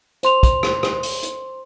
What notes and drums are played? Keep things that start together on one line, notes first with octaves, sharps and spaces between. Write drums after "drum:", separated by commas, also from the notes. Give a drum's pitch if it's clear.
C5 C6 F7, drum: hi-hat
drum: kick, hi-hat
drum: rim click
drum: rim click
drum: open hi-hat
drum: hi-hat